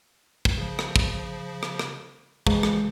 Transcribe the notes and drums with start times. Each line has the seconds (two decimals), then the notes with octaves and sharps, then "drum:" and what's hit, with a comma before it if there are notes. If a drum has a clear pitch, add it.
0.45 drum: kick
0.58 C#3 F3
0.79 drum: rim click
0.96 drum: kick
1.63 drum: rim click
1.79 drum: rim click
2.47 C#3 E3 F3 G#3, drum: kick
2.63 drum: rim click